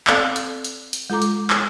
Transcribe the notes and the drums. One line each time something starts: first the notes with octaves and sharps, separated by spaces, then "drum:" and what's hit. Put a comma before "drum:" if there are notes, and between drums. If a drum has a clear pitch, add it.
C4 A4 D5 F5, drum: clap
drum: hi-hat
drum: hi-hat
drum: hi-hat
G#3 F4 A4 A#5 D6
drum: hi-hat
drum: clap